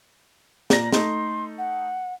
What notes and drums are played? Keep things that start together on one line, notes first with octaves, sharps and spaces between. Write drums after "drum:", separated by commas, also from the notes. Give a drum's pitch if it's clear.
A#2 D5 A#5 A#6, drum: snare
A3 D#4 C6, drum: snare
F#5